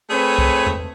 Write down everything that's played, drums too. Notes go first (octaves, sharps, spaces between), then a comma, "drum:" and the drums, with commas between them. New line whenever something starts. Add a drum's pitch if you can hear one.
A3 C4 G#4 B4 C#5
drum: kick C2
drum: tom E2